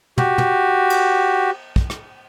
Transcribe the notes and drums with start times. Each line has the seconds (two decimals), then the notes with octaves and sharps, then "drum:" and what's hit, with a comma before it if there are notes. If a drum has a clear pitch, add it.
0.18 F#4 G4, drum: tom
0.38 drum: tom
0.90 drum: cymbal
1.76 drum: kick
1.90 drum: rim click